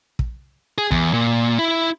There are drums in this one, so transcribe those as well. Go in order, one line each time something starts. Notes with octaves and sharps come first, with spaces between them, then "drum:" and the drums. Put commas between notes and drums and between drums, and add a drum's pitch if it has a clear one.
drum: kick
G#4
E2, drum: kick
A#2
E4